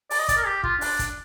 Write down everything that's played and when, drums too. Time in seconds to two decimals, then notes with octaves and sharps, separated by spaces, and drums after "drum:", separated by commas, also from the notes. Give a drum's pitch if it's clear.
0.11 D5, drum: open hi-hat
0.19 D#5
0.28 D5, drum: kick, hi-hat
0.37 A#4
0.46 G4
0.64 F4, drum: kick
0.81 D4, drum: open hi-hat
0.99 drum: kick, hi-hat